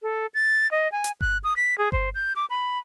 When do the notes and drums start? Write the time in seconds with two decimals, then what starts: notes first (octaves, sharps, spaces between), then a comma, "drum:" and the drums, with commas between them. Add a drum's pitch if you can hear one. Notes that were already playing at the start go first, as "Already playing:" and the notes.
0.02 A4
0.34 A6
0.71 D#5
0.92 G#5
1.04 drum: hi-hat
1.21 F#6, drum: kick G1
1.44 D#6
1.56 B6
1.78 G#4
1.92 C5, drum: kick G1
2.15 G6
2.36 D6
2.50 B5